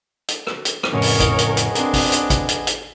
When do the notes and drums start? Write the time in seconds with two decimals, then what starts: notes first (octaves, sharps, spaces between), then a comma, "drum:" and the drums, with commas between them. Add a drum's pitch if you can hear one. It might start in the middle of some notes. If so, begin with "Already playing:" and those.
0.28 drum: hi-hat
0.47 drum: rim click
0.65 drum: hi-hat
0.83 drum: rim click
0.93 F2 A2 C#3 B3 G#4 A#4 C#5 D#5
1.02 drum: open hi-hat
1.20 drum: kick G#1, hi-hat
1.38 drum: hi-hat
1.57 drum: hi-hat
1.75 C4 D4 A#4, drum: hi-hat
1.93 drum: kick G#1, open hi-hat
2.12 drum: hi-hat
2.30 drum: kick G#1, hi-hat
2.49 drum: hi-hat
2.67 drum: hi-hat